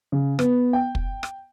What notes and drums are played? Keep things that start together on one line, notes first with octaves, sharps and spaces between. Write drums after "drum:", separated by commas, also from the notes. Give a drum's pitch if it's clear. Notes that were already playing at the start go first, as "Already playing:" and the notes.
C#3
B3, drum: rim click
G5
drum: kick
drum: rim click